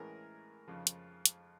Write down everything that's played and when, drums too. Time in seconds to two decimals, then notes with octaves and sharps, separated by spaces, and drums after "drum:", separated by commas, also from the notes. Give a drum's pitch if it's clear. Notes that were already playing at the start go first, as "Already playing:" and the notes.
Already playing: A2 E3 G#3 C#4 G#4 A#4
0.68 F2 C#3 F3
0.87 drum: hi-hat
1.26 drum: hi-hat